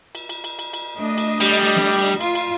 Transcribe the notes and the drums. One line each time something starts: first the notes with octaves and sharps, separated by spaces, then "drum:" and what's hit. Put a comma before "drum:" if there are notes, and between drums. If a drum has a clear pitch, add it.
drum: cymbal
drum: cymbal
drum: cymbal
drum: cymbal
drum: cymbal
A3 D4 D#5
drum: cymbal
G3
drum: cymbal
drum: snare
drum: cymbal
drum: cymbal
F4, drum: cymbal
drum: cymbal